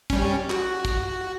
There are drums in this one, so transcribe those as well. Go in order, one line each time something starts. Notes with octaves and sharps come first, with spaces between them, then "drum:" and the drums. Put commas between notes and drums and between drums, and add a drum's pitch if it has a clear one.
G3 C#4, drum: kick, hi-hat
F#4, drum: clap
drum: kick, hi-hat